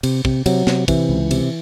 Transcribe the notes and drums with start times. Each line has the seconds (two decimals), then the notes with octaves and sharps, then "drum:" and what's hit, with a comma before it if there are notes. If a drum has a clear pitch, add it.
0.03 C3, drum: cymbal
0.25 C3, drum: kick
0.46 C3 F#3, drum: cymbal
0.67 C3, drum: snare
0.88 C3 E3, drum: kick, cymbal
1.09 C#2
1.31 C3, drum: cymbal